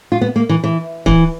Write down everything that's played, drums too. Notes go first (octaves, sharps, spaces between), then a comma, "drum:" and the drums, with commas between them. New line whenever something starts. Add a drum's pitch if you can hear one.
F4
B3
A#3
E3
E3
E3, drum: kick C#1